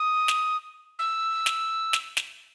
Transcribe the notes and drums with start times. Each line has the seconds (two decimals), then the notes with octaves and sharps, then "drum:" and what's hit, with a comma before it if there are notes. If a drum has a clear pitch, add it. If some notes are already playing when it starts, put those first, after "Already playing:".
Already playing: D#6
0.28 drum: snare
0.99 E6
1.46 drum: snare
1.93 drum: snare
2.17 drum: snare